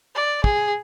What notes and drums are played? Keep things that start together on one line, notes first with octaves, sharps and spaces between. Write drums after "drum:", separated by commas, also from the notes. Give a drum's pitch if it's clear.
D5
G#4, drum: kick